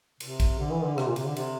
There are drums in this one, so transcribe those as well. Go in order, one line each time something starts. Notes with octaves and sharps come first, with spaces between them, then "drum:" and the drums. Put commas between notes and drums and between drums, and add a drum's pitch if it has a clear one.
C3, drum: cymbal
drum: kick, cymbal
D3
E3
D3
C3, drum: rim click
A#2
C3, drum: cymbal
D3
C3, drum: cymbal